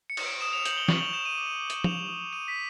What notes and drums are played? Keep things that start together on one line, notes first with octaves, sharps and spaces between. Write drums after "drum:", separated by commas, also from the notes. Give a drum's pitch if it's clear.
C#7
D#6, drum: cymbal
D7
D#6 E7
F7
G6 F#7, drum: hi-hat
G7
C#6 F#7, drum: snare
F7
G6 E7
D#7
D6
D6
drum: hi-hat
D#6 F7, drum: tom F3
D#6
D#6 D#7
B6